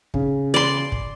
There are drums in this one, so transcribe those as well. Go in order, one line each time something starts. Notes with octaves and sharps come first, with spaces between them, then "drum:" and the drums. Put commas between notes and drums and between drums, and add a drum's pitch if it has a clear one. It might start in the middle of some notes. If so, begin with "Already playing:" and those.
C#3, drum: kick
D5 C6
drum: kick